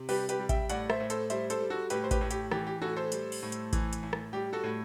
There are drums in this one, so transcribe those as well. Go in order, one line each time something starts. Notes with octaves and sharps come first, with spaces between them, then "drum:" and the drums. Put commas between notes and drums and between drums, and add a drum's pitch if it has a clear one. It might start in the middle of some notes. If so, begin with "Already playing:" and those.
Already playing: C3
G3 G4 B4, drum: open hi-hat
G4 B4, drum: hi-hat
G3
E5 G5, drum: kick A1, hi-hat
A2 D5 F#5, drum: hi-hat
C5 E5, drum: rim click
A2
A4 C5, drum: hi-hat
G3 C5 E5, drum: hi-hat
A4 C5, drum: hi-hat
G3
F#4 A4
A2 G4 B4, drum: hi-hat
C5
G4 B4, drum: kick A1, hi-hat
A2
G4, drum: hi-hat
E3 G4, drum: rim click
G4
A2 F#4 A4
A4 C5
G3, drum: hi-hat
drum: open hi-hat
A2
drum: hi-hat
E3, drum: kick A1, hi-hat
drum: hi-hat
A2
drum: rim click
G3 G4
F#4 A4
A2